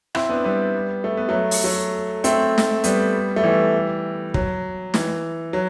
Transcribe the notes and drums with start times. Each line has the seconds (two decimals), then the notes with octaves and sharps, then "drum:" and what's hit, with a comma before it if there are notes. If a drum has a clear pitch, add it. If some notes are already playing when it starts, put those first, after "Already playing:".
0.15 C4 E4, drum: rim click
0.29 B3 D4
0.44 G3 B3
1.04 A3
1.17 B3
1.29 F#3 A3
1.51 drum: open hi-hat
1.64 F#3 A3
2.24 A3 C4, drum: hi-hat
2.58 drum: snare
2.84 G3 B3, drum: hi-hat
3.36 A3
3.44 E3 G3
4.34 F#3, drum: kick
4.94 E3, drum: snare
5.53 F#3